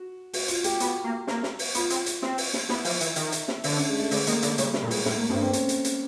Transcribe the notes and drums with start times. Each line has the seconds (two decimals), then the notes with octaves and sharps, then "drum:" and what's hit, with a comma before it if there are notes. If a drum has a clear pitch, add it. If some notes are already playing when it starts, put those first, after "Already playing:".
Already playing: F#4
0.33 F#4, drum: open hi-hat
0.48 F4, drum: hi-hat
0.64 G4, drum: hi-hat
0.80 B3 F#4, drum: hi-hat
1.04 A#3
1.27 A#3, drum: snare
1.43 drum: snare
1.59 drum: open hi-hat
1.75 B3 F4, drum: hi-hat
1.90 C4, drum: hi-hat
2.06 drum: hi-hat
2.22 C4, drum: snare
2.38 drum: open hi-hat
2.54 drum: snare
2.69 B3 E4, drum: snare
2.85 F3, drum: open hi-hat
3.01 E3, drum: hi-hat
3.16 D#3, drum: hi-hat
3.32 drum: hi-hat
3.48 drum: snare
3.64 D3 D4, drum: open hi-hat
3.76 C#4
3.88 G#3
3.99 A3
4.11 D3 G#3, drum: open hi-hat
4.27 D#3 A#3, drum: hi-hat
4.42 D3 A3, drum: hi-hat
4.58 C#3 G3, drum: hi-hat
4.74 G3, drum: snare
4.82 A#2
4.91 G#3, drum: open hi-hat
5.06 A2 A3, drum: snare
5.17 A#3
5.29 G2 C4
5.42 C4
5.53 C#4, drum: hi-hat
5.69 drum: hi-hat
5.85 drum: hi-hat